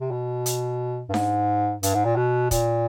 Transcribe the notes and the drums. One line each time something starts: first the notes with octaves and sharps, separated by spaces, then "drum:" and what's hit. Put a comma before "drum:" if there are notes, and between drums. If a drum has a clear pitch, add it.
C3
B2
drum: hi-hat
G2
G#2, drum: snare D4
G2, drum: hi-hat
G#2
A#2
B2
A#2, drum: kick, hi-hat